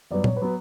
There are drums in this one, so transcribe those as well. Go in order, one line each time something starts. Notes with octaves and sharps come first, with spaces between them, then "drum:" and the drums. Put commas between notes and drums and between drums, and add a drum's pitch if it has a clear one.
G2 F#3 B3 D5
C#5, drum: tom
B4
F#3 B3